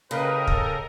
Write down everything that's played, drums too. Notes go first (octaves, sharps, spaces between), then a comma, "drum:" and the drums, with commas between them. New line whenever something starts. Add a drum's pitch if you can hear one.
A2 C#3 A#4 B4 D#5 G5
A4, drum: kick